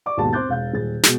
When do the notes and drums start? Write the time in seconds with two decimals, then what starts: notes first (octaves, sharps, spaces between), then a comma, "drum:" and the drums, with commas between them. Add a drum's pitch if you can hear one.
0.06 D5 C#6 D6
0.17 D#2 G#2 B2 G#3 A5
0.33 C4 C6 D6 F#6 G6 A6
0.49 E1 F5 G6
0.73 D#1 G#4 A6
1.03 B2 G#3, drum: snare